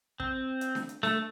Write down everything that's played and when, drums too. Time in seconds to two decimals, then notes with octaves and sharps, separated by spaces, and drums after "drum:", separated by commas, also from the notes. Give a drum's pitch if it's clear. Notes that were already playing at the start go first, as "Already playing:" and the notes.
0.20 C4, drum: kick
0.61 drum: hi-hat
0.75 drum: snare D4
0.89 drum: hi-hat
1.03 A3, drum: snare D4